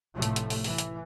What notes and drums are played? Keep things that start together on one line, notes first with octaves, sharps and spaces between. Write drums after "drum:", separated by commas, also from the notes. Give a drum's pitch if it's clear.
F1 A2 C3 F3 A3
drum: hi-hat
drum: hi-hat
drum: open hi-hat
E3, drum: open hi-hat
drum: hi-hat